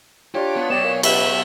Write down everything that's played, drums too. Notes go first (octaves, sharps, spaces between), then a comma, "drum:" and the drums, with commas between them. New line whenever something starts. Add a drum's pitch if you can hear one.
D4 F4 G4 C#5
B3
F#3 B3 G4 D5 D#5 E7
A#2
C#2 B4 E5, drum: cymbal